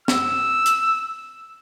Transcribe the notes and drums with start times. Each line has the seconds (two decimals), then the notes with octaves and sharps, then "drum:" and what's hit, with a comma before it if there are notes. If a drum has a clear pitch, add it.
0.08 E6, drum: snare
0.66 drum: hi-hat